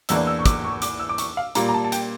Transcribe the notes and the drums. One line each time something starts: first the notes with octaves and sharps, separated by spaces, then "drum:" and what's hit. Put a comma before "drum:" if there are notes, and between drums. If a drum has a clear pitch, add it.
E2 E3 A#3 D4 E6, drum: hi-hat
E6
C#6
D6, drum: kick, hi-hat
C#6
D6, drum: hi-hat
E6
D6
C#6, drum: hi-hat
F5
A#2 G3 A#3 A#5, drum: hi-hat
A#5
A5
A5
G5, drum: hi-hat